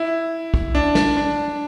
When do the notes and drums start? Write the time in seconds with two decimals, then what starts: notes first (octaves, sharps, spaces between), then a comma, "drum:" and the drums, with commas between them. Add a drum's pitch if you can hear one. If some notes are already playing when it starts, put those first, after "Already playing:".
Already playing: E4
0.54 drum: kick
0.75 D4
0.95 D4, drum: snare
1.17 D4